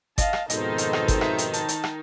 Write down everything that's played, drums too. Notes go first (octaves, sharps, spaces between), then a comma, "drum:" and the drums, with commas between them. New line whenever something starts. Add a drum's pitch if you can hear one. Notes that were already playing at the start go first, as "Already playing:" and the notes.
D#5 F5 A5, drum: kick G1, hi-hat
drum: rim click
F2 G#2 B2 D#3 D#4 A4 C5 D#5, drum: hi-hat
drum: hi-hat
drum: rim click
drum: kick G1, hi-hat
E5, drum: rim click
drum: hi-hat
A5, drum: hi-hat
drum: hi-hat
drum: rim click